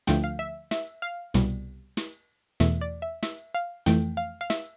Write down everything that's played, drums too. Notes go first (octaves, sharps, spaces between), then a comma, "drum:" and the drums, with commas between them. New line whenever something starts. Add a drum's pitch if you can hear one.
D2 D3 F3 A3 G5, drum: snare
F5
E5
E5, drum: snare
F5
C2 B2 G3, drum: snare
drum: snare
E2 B2 A3 E5, drum: snare
D5
E5
E5, drum: snare
F5
F2 E3 A3 G5, drum: snare
F5
F5
E5, drum: snare